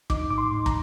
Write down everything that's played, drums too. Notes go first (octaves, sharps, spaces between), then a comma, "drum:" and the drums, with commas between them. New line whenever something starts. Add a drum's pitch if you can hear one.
D#4 D6, drum: kick
A2 D6
C6
A2
A#5, drum: kick